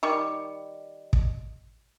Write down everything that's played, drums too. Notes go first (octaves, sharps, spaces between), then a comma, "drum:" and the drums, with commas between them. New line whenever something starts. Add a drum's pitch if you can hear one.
D#3 G3 C#6
drum: kick